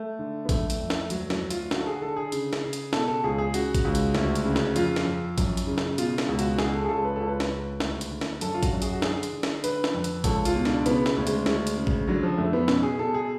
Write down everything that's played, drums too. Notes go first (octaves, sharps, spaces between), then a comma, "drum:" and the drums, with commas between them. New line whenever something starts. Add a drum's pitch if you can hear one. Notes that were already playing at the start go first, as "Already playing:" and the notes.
Already playing: A3
D3
B3
F2 A3, drum: kick A1, hi-hat
drum: hi-hat
F2
drum: snare
D2 F#3, drum: hi-hat
F#3, drum: snare
D2
F4, drum: hi-hat
D3 F#4, drum: snare
A4
G#4
D3 A4
G#4
C#3, drum: hi-hat
drum: snare
C#3
drum: hi-hat
B2 A4, drum: snare
A4
C#2 G#4
G#4
C#3 F#4, drum: hi-hat
drum: kick A1, hi-hat
C#2
drum: hi-hat
D2, drum: snare
drum: hi-hat
C#3
drum: snare
F2 F4, drum: hi-hat
drum: snare
F2
F#2, drum: kick A1, hi-hat
drum: hi-hat
C#3
drum: snare
B2 F4, drum: hi-hat
drum: snare
C#2
F#4, drum: hi-hat
C#3 G#4, drum: snare
A4
G#4
C#2 A4
B4
C#2 A4
B4
drum: snare
C#2
D2, drum: snare
drum: hi-hat
D3
drum: snare
F#2 A4, drum: hi-hat
F4
F#4, drum: kick A1, hi-hat
F#2
G#4, drum: hi-hat
F#4
D3 G#4, drum: snare
drum: hi-hat
D3
drum: snare
D3 B4, drum: hi-hat
drum: snare
F2
drum: hi-hat
C#2 A4, drum: kick A1, hi-hat
F4, drum: hi-hat
B2
D4, drum: snare
C#3 B3, drum: hi-hat
drum: snare
D2
G#3, drum: hi-hat
D2 G#3, drum: snare
drum: hi-hat
C#3
drum: kick A1
D3 F#3
F3
F2 A3
B3
B2 C#4, drum: snare
G#4
B2 A4
G#4